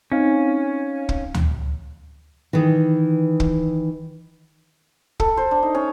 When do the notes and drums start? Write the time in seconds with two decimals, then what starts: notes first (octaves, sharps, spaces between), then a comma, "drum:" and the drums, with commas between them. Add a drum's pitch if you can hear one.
0.12 C4 C#4 D#4 F5
1.09 drum: kick
1.34 drum: tom D2
2.53 D#3 E3
3.40 drum: kick
5.20 A4, drum: kick
5.37 C5
5.51 D4
5.63 D#4
5.75 C#4